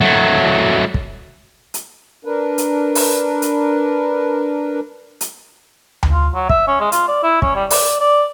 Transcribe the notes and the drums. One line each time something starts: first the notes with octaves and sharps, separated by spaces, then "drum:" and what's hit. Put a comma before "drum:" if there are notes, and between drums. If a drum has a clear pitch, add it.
F#3 A3
drum: kick
drum: hi-hat
D4 A#4 B4
drum: hi-hat
drum: open hi-hat
drum: hi-hat
drum: hi-hat
drum: tom D2
F4
F#3
E5, drum: kick
C#4
G#3
F4, drum: hi-hat
D5
E4
C#4, drum: kick
G3
D5, drum: open hi-hat
D5